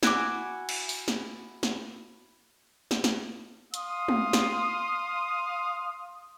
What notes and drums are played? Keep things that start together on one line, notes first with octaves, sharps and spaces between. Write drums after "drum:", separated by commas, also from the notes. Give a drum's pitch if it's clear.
E4 F#4 G#5 D6, drum: snare
drum: cymbal
drum: open hi-hat
drum: snare
drum: snare
drum: snare
drum: snare
F5 C6 D#6, drum: hi-hat
drum: tom
drum: snare